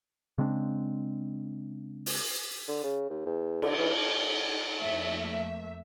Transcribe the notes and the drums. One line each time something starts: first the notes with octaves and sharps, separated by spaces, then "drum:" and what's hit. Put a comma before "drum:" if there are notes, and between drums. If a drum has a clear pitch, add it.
C#3 G#3 C4 D4
drum: open hi-hat
D3
C#3
D#2
E2
D3, drum: cymbal
E3
F2 A3 A#3 E5